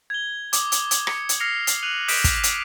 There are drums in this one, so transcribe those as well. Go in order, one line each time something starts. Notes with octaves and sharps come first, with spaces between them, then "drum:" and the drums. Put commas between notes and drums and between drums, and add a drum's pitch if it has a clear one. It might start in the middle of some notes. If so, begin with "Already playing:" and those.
G#6 G7
D6 D#6, drum: hi-hat
drum: hi-hat
drum: hi-hat
C#7, drum: rim click
drum: hi-hat
F6 A#6 C7 C#7 F7
drum: hi-hat
F#6 D#7 F7 F#7
D#6 G6 B6 D7 E7, drum: open hi-hat
drum: kick, hi-hat
drum: hi-hat